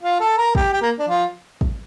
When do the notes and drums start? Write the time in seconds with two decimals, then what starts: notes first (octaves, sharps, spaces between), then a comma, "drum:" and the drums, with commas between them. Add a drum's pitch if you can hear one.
0.02 F4 F5
0.20 A4 A5
0.38 A#4 A#5
0.55 G4 G5, drum: kick
0.73 G4 G5
0.82 A#3 A#4
0.99 D4
1.08 F3 F4
1.61 drum: kick